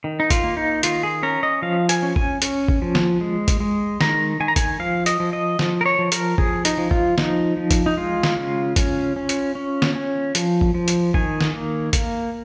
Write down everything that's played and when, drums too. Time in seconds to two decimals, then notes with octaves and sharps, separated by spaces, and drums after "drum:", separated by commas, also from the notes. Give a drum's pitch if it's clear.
0.04 D#3
0.20 D#4
0.30 F4, drum: kick G#1, hi-hat
0.44 A#3
0.57 D#4
0.83 D#3 F4, drum: hi-hat
1.03 G#4
1.23 C#4 A#4
1.43 D#5
1.62 F3 F5
1.89 G#5, drum: hi-hat
2.03 C#4
2.16 G#5, drum: kick G#1
2.42 C#4, drum: hi-hat
2.68 drum: kick G#1
2.82 F3
2.95 drum: snare
3.21 G#3
3.48 drum: kick G#1, hi-hat
3.60 G#3
4.01 D#3 A#5, drum: snare
4.40 D#3 G#5
4.48 A#5
4.56 G#5, drum: kick G#1, hi-hat
4.80 F3 F5
5.06 D#5, drum: hi-hat
5.20 F3
5.33 D#5
5.59 F3, drum: snare
5.81 A#4
5.86 C#5
5.99 F3
6.12 A#4, drum: hi-hat
6.38 F3 G#4, drum: kick G#1
6.65 D#4, drum: hi-hat
6.78 F3
6.91 F4, drum: kick G#1
7.18 F3 D#4, drum: snare
7.57 F3
7.71 drum: kick G#1, hi-hat
7.86 D#4
7.97 G#3 F4
8.23 drum: snare
8.37 C#3
8.76 C#4, drum: kick G#1, hi-hat
9.16 C#4
9.29 drum: hi-hat
9.55 C#4
9.82 drum: snare
9.95 C#4
10.35 F3, drum: hi-hat
10.61 drum: kick G#1
10.74 F3
10.88 drum: hi-hat
11.14 D#3 G#5, drum: kick G#1
11.41 drum: snare
11.54 A#3
11.93 A#3, drum: kick G#1, hi-hat